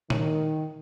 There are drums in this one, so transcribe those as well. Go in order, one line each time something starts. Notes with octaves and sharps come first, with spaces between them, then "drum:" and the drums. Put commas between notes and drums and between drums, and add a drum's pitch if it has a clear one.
D#3, drum: tom